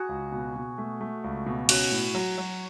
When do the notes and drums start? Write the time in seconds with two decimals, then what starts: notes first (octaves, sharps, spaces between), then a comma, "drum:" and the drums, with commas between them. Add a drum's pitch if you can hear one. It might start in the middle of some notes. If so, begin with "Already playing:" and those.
Already playing: F#4 G#4
0.09 C#2
0.32 B2
0.56 B2
0.78 A3
1.01 A3
1.24 C#2
1.46 B2
1.69 C#4 F#4, drum: cymbal
1.92 A2
2.15 F#3
2.38 F#3